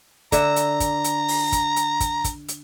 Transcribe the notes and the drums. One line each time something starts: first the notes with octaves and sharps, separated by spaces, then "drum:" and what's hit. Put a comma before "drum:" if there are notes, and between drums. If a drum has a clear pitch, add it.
D3 E5 A#5, drum: kick, hi-hat
drum: hi-hat
drum: kick, hi-hat
drum: hi-hat
drum: open hi-hat
drum: kick, hi-hat
drum: hi-hat
drum: kick, hi-hat
drum: kick, hi-hat
drum: hi-hat